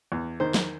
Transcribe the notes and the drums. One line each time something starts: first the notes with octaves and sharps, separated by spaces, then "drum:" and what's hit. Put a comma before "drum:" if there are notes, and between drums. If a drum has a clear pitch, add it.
E2
D#3 C5
drum: snare